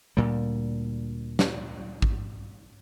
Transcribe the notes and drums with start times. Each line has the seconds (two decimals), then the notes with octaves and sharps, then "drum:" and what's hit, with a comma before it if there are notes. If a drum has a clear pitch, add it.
0.17 D2 A#2 G3
1.39 drum: snare
2.02 drum: kick A1